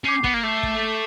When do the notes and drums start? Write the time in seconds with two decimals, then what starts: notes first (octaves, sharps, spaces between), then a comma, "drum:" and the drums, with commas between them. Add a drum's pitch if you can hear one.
0.04 C#4 D6 G6 C7
0.24 B3, drum: kick
0.34 A#3
0.43 A3 D6 G6 C7
0.63 drum: kick